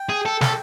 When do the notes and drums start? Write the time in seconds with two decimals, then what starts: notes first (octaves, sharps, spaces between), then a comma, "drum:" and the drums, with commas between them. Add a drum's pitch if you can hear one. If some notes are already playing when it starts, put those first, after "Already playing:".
Already playing: G5
0.09 G#4
0.25 A4
0.41 A4, drum: snare